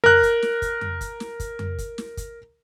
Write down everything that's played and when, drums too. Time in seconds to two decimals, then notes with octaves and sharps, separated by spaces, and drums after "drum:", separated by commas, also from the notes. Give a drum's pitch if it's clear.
0.04 A#4 F#6, drum: tom F2
0.23 drum: kick, hi-hat
0.42 drum: snare
0.62 drum: kick, hi-hat
0.81 drum: tom F2
1.01 drum: kick, hi-hat
1.20 drum: snare
1.40 drum: kick, hi-hat
1.59 drum: tom F2
1.78 drum: kick, hi-hat
1.98 drum: snare
2.17 drum: kick, hi-hat